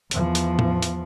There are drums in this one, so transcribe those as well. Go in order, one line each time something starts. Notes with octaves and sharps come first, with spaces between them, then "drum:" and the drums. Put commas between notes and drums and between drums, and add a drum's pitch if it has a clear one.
E2 F3, drum: hi-hat
drum: hi-hat
drum: tom A2
drum: hi-hat